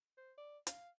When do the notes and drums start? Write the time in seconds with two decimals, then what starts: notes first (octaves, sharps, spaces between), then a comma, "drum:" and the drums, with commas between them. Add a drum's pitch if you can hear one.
0.18 C5
0.38 D5
0.67 F5, drum: hi-hat